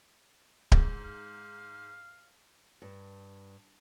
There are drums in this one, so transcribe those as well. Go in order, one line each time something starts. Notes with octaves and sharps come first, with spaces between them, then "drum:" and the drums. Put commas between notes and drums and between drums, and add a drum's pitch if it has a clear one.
G#2, drum: kick D1
F5
G2